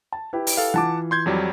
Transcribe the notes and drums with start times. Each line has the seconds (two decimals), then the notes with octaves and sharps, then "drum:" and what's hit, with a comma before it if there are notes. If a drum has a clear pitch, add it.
0.12 A5
0.33 E4 G4 B4
0.47 drum: open hi-hat
0.57 A4 F5
0.74 E3 F4 F#5 A5 D6
1.11 C6 G6 G#6
1.26 F2 F#3 G3